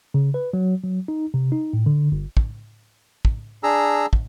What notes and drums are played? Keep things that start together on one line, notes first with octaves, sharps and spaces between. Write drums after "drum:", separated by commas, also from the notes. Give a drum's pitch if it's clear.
C#3
B4
F#3
F#3
D#4
C3
D#4
A2
D3
G1
drum: kick
drum: kick
D4 G#4 A#5 E6
drum: kick